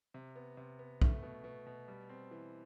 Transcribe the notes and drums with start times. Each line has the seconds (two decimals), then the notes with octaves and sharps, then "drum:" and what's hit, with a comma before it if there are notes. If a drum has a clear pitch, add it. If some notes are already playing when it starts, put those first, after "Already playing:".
0.14 C3
0.36 B3
0.57 C3
0.79 B3
1.02 A3, drum: kick
1.23 B2
1.44 B2
1.66 B2
1.88 G3
2.09 C4
2.31 E3